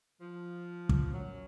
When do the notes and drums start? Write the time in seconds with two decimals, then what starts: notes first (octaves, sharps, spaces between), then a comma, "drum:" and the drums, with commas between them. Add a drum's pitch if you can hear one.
0.21 F3
0.89 drum: kick
1.12 F#2 F#3